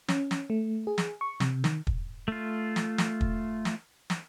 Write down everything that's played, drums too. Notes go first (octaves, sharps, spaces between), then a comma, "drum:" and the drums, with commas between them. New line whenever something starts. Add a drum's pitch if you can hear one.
C#4, drum: snare
drum: snare
A3
G#4
drum: snare
C#6
C3, drum: snare
D#3, drum: snare
drum: kick
A3 F4
drum: snare
drum: snare
drum: kick
drum: snare
drum: snare